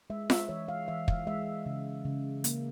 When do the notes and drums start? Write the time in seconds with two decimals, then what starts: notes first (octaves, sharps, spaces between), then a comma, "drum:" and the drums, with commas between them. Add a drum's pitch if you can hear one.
0.10 G#3 E5
0.30 E5, drum: snare F4
0.49 E3 C#5
0.68 F5
0.88 E3 E5
1.08 F5, drum: kick
1.27 G#3 E5
1.66 C#3
2.05 C#3
2.44 A#3, drum: hi-hat